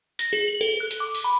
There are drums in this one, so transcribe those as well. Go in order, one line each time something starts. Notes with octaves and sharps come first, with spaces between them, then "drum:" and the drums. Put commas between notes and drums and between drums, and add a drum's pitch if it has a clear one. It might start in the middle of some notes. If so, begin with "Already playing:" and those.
A#6, drum: hi-hat
G#4
F#7
A4
F#6
drum: hi-hat
D6
drum: open hi-hat
B5